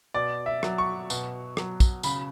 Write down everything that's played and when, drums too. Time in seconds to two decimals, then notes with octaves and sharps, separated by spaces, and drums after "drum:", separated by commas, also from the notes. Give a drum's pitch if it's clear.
0.14 B2 D5
0.46 E5
0.63 F#3, drum: rim click
0.78 C#6
1.10 B2, drum: tambourine
1.57 F#3, drum: rim click
1.80 drum: kick, tambourine
2.03 C#3 B5, drum: tambourine